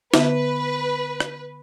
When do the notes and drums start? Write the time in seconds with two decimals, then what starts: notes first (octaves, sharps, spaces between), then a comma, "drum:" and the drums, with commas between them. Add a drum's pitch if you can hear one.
0.14 D3 B3 B4 E5, drum: snare
1.20 drum: rim click